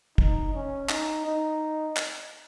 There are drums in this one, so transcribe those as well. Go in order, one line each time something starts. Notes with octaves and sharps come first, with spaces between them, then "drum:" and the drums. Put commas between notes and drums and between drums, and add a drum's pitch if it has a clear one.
D#4, drum: kick
C#4
D#4, drum: clap
D#4
drum: clap